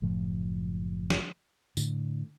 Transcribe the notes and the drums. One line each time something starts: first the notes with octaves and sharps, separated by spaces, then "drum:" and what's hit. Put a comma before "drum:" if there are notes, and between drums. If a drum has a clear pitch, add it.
F#1 A2 F3 A3
drum: snare
A2 D3, drum: tambourine